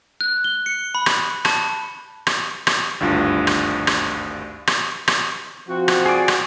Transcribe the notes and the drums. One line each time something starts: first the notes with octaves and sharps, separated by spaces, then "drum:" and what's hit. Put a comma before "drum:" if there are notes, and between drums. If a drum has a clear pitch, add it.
F#6
G7
C#7
B5
drum: rim click
A5, drum: rim click
drum: rim click
drum: rim click
G#1 D2 G2 F4
drum: rim click
drum: rim click
drum: rim click
drum: rim click
F3 C4 F#4
drum: rim click
G#4 D5
drum: rim click